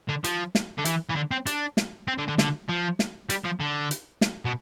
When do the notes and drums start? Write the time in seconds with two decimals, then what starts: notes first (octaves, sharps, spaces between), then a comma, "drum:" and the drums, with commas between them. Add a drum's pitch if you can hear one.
0.09 D3
0.24 F3, drum: hi-hat
0.55 drum: snare
0.78 D3
0.85 E3, drum: hi-hat
1.09 E3
1.16 D3
1.31 C4
1.47 D4, drum: hi-hat
1.77 drum: snare
2.08 C4
2.18 D3
2.28 D3
2.38 D3, drum: snare
2.69 F3
2.99 drum: snare
3.30 G3, drum: hi-hat
3.45 F3
3.60 D3
3.91 drum: hi-hat
4.21 drum: snare
4.45 B2